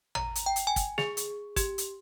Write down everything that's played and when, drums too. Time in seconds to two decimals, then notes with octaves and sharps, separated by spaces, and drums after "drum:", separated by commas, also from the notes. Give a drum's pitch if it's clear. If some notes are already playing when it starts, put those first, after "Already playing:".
0.15 A#5, drum: tom
0.35 drum: hi-hat
0.46 G5
0.56 drum: hi-hat
0.67 G#5
0.76 drum: kick, hi-hat
0.98 G#4, drum: snare
1.17 drum: hi-hat
1.56 G4, drum: kick, hi-hat
1.78 drum: hi-hat